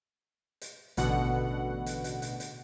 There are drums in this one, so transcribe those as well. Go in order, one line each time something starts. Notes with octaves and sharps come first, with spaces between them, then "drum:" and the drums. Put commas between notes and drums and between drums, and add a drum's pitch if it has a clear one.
drum: hi-hat
A1 B2 D3 F#5, drum: hi-hat
drum: hi-hat
drum: hi-hat
drum: hi-hat
drum: hi-hat